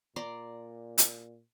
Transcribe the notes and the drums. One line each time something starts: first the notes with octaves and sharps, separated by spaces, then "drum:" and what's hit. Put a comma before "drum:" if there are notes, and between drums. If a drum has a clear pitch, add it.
A#2 D5 A#5 C6
drum: hi-hat